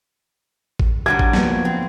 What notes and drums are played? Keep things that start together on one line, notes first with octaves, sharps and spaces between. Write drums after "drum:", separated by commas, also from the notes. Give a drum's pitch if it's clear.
drum: kick G#1
D3 F#3 G3 G#6
drum: kick G#1
F3 A#3 B3, drum: snare
C4